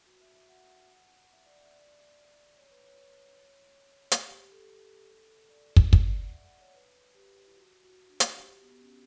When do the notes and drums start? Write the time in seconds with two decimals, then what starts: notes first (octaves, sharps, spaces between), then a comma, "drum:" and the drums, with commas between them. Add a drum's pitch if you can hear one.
0.06 F#4
0.21 E5
0.35 E5
0.48 F#5
1.32 E5
1.46 D5
1.64 E5
1.73 D5
2.57 C#5
2.70 B4
2.84 C#5
4.11 drum: hi-hat
4.24 G4
4.38 G4
4.51 A4
5.49 D5
5.76 drum: kick
5.93 drum: kick
6.24 F#5
6.33 E5
6.45 F#5
6.60 C#5
6.74 B4
7.15 G4
7.47 E4
7.56 F#4
7.85 F#4
7.99 F#4
8.09 D4
8.20 F#4, drum: hi-hat
8.29 G4
8.41 G4
8.51 F#4
8.62 B3
8.72 B3
8.81 C#4